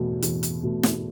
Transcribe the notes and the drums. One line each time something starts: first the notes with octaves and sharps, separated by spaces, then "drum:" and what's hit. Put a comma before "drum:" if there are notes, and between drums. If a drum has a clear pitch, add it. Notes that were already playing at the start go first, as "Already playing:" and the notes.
Already playing: E2 B2 A3
E2, drum: hi-hat
drum: hi-hat
B2 A3
drum: snare